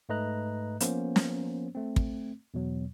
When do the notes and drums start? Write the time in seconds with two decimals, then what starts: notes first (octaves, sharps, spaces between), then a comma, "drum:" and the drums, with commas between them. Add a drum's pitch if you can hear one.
0.09 G#2 A3 B4 D#5 A#5 F#6
0.80 F3 A#3 B3 C#4 C5, drum: hi-hat
1.16 drum: snare
1.75 A3 C4
1.96 drum: kick
2.54 E2 B2 F#3